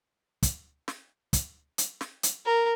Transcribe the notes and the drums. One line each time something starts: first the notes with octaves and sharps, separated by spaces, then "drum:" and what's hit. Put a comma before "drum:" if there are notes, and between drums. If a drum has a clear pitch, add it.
drum: kick, hi-hat
drum: snare
drum: kick, hi-hat
drum: hi-hat
drum: snare
drum: hi-hat
A#4